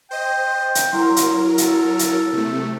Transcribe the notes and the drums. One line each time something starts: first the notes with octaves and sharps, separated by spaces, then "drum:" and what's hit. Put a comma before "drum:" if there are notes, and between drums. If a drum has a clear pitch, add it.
C5 D#5 G5
drum: hi-hat
F#3 E4 A#4 C6
drum: hi-hat
A4, drum: hi-hat
drum: hi-hat
C3 A3